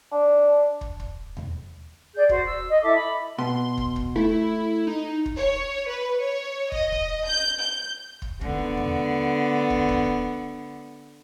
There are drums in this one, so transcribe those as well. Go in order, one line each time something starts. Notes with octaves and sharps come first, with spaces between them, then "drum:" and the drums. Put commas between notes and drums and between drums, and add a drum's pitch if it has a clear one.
D4
drum: kick
drum: kick
drum: tom D#2
G#4 D5 G6
F#4 C5, drum: kick
E6
D#5
E4 A4 E5 D6
B5
B2 C6
drum: kick
drum: kick
A3 E4
D#4
drum: kick
C#5
B4
C#5
D#5, drum: kick
drum: kick
G6
G6
drum: kick
D3 B3, drum: kick
drum: tom D#2
drum: kick
drum: kick